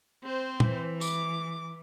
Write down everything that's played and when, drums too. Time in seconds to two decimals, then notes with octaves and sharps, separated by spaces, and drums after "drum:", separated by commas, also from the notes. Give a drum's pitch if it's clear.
0.24 C4 C5
0.60 E3, drum: tom A#2
1.01 D6, drum: tambourine